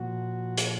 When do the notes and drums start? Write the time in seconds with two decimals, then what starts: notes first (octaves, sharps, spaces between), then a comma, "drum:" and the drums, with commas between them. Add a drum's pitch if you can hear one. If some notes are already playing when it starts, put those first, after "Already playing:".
Already playing: A#2 F3 F#4
0.57 drum: hi-hat